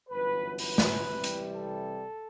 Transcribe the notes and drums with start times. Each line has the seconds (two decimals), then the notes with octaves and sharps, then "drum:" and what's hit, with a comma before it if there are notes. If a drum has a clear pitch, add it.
0.10 G1 F#2 E3 B4
0.58 B4, drum: open hi-hat
0.78 drum: snare
1.07 C2 C3 E3 G3
1.24 drum: hi-hat
1.56 A4